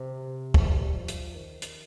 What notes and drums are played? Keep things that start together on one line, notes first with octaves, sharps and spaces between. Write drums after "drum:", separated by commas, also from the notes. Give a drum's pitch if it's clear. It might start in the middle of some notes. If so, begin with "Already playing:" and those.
Already playing: C3
G3, drum: kick
F3
drum: hi-hat
D#3
drum: hi-hat